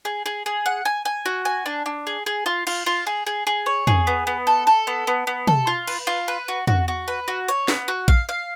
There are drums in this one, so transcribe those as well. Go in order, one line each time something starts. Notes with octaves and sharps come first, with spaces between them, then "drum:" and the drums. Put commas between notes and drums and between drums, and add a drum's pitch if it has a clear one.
G#4
G#4
G#4
F#5
G#5
G#5
F#4
G#5
D4
D4
G#4
G#4
F4
F4, drum: cymbal
F4
G#4
G#4
G#4
C#5
G#4, drum: tom
B3
B3
A4
A4
B3
B3
B3
A4, drum: tom
F4
B4, drum: cymbal
F4
B4
F#4
F#4, drum: tom
F#4
B4
F#4
C#5, drum: hi-hat
B3, drum: snare
F#4
F5, drum: kick
F5